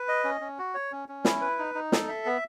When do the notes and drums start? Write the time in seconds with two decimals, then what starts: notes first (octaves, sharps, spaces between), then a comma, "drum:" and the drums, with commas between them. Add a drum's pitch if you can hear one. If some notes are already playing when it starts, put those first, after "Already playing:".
Already playing: B4
0.08 D#5
0.24 C#4
0.41 C#4
0.59 F#4
0.75 C#5
0.92 C#4
1.09 C#4
1.25 E4, drum: snare
1.41 B4
1.59 D#4
1.75 D#4
1.92 A4, drum: snare
2.08 E5
2.26 B3